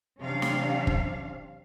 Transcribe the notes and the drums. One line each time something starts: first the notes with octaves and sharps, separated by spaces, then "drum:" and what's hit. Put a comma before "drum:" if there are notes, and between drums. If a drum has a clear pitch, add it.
C3 E3 F#3 C#4 D4 F5
drum: snare
drum: kick